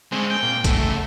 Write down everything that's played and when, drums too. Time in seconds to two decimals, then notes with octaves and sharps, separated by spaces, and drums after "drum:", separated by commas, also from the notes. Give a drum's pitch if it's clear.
0.12 D3 G#3 C4 C#4
0.30 G5
0.43 A#2
0.64 C#3 A3 F#4, drum: kick, hi-hat